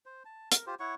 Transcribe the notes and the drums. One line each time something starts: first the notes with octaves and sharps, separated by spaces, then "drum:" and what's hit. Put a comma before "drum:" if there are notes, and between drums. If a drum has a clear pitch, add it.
C5
A5
A#4, drum: hi-hat
F4 G4 C5
E4 C#5 F#5 C#6